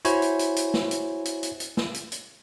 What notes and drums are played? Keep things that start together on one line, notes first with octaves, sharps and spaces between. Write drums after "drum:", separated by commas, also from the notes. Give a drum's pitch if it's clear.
E4 F#4 C5 C#5 G#5, drum: hi-hat
drum: hi-hat
drum: hi-hat
drum: hi-hat
drum: snare
drum: hi-hat
drum: hi-hat
drum: hi-hat
drum: hi-hat
drum: snare
drum: hi-hat
drum: hi-hat